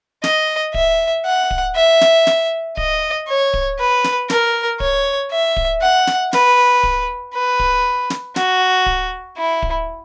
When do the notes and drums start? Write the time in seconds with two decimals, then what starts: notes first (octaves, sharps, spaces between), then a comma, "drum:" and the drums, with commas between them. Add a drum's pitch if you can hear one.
0.24 D#5, drum: snare
0.74 E5, drum: kick D1
1.25 F#5
1.51 drum: kick D1
1.76 E5
2.01 drum: snare
2.27 drum: snare
2.77 D#5, drum: kick D1
3.28 C#5
3.54 drum: kick D1
3.79 B4
4.04 drum: snare
4.30 A#4, drum: snare
4.80 C#5, drum: kick D1
5.31 E5
5.57 drum: kick D1
5.82 F#5
6.07 drum: snare
6.33 B4, drum: snare
6.83 drum: kick D1
7.34 B4
7.59 drum: kick D1
8.10 drum: snare
8.36 F#4, drum: snare
8.86 drum: kick D1
9.37 E4
9.62 drum: kick D1